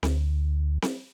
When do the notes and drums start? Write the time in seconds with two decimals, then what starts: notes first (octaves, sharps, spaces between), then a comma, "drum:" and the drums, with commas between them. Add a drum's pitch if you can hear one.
0.03 D2, drum: snare C4
0.82 drum: snare C4